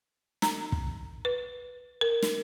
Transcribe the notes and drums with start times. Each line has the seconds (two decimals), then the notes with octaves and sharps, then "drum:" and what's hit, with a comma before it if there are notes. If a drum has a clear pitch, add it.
0.42 A#5, drum: snare
0.72 drum: kick
1.25 B4
2.01 A#4
2.22 drum: snare